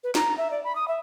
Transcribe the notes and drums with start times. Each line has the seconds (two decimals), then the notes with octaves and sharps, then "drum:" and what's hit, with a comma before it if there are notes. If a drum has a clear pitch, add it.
0.04 B4
0.15 A#5, drum: snare
0.38 E5
0.51 D5
0.64 B5
0.75 D#6
0.88 E5